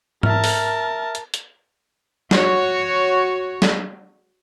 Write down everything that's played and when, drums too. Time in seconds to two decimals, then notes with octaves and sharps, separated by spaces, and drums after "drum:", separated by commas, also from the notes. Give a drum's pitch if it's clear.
0.23 A#4 E5 A5 F6, drum: tom G#2
0.44 drum: open hi-hat
1.15 drum: hi-hat
1.34 drum: hi-hat
2.31 F#4 C#5, drum: snare
3.62 drum: snare